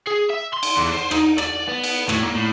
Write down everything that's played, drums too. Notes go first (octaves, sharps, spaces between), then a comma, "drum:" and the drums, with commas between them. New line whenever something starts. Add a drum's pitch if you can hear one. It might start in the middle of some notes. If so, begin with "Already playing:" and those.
G#4
E5
C6
drum: cymbal
E2
C5
D#4, drum: rim click
D5, drum: rim click
B3
drum: cymbal
A2, drum: rim click
A#3
A2